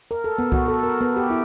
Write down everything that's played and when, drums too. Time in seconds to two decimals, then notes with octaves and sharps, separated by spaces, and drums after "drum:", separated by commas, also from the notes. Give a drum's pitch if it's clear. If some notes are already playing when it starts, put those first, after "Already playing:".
0.11 A#4
0.24 A4
0.38 B3
0.52 F#4, drum: kick C2
0.68 A4
0.83 A#4
1.01 B3
1.16 G4
1.30 E4